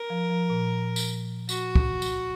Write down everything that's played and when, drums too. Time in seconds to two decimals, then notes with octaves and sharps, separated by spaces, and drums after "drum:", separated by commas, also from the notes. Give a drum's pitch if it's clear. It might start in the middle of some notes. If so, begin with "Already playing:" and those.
Already playing: A#4
0.10 F3
0.30 F3
0.50 A#2
0.96 drum: tambourine
1.49 F#4, drum: tambourine
1.75 drum: kick
2.02 drum: tambourine